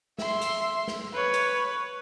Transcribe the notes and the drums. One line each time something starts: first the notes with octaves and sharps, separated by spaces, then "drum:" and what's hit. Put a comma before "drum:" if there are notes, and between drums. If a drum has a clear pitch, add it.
E5 C6, drum: snare
drum: hi-hat
drum: snare
B4 C#5
drum: hi-hat